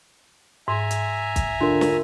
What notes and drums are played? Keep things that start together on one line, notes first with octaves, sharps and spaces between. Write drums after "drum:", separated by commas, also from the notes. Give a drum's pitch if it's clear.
G#2 E5 G#5 A#5
drum: hi-hat
drum: kick, hi-hat
D3 F4 A#4 C6
drum: snare